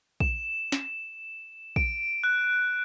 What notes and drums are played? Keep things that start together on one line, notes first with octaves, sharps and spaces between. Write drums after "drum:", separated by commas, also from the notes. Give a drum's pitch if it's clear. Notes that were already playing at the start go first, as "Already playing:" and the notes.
E7, drum: kick
drum: snare
D7, drum: kick
F#6